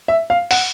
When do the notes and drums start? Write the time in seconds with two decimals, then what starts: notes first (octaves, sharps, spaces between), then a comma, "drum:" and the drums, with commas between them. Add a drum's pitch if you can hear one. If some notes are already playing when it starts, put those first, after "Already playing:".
0.08 E5
0.30 F5
0.51 F#5, drum: open hi-hat